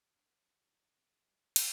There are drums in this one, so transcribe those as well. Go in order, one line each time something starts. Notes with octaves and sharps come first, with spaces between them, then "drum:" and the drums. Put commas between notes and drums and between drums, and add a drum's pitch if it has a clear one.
D4
F#4
D#4
D#4
C4
A3
G3
F#3
D4, drum: cymbal